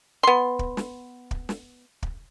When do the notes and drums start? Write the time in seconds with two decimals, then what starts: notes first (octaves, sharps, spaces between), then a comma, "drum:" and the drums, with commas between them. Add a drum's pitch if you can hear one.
0.23 B3 C6
0.59 drum: kick
0.77 drum: snare
1.31 drum: kick
1.49 drum: snare
2.03 drum: kick